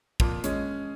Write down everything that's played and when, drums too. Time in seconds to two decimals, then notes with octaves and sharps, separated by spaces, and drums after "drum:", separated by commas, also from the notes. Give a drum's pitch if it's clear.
0.20 F2 A#2, drum: kick
0.44 G#3 C#4, drum: hi-hat